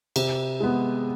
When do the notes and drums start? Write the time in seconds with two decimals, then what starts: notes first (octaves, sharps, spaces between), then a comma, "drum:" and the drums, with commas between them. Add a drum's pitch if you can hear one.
0.16 C3, drum: cymbal
0.60 G#3 B3